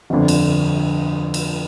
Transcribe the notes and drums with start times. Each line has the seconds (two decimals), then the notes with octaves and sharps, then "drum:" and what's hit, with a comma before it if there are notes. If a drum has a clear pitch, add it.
0.10 G1 F2 D3
0.28 drum: cymbal
1.34 drum: cymbal